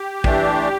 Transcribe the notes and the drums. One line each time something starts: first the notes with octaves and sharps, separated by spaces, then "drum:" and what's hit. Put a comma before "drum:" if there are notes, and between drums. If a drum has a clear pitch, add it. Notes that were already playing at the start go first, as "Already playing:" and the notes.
Already playing: G4
E3 A3 D4, drum: kick